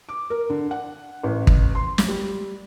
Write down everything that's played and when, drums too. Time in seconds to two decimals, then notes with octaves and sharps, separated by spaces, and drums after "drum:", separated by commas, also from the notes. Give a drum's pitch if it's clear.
0.09 D6
0.30 A#4
0.50 D3
0.71 F#5
1.23 A1
1.47 drum: kick
1.75 C6
1.98 drum: snare
2.08 G3